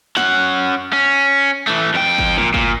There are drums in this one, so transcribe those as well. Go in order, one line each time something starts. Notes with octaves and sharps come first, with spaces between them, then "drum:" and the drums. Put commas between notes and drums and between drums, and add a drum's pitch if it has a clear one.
C#4 F#5, drum: snare
C#4
E3 A3
F2 G5
drum: kick G1
A#2, drum: tom E3
A#2, drum: kick G1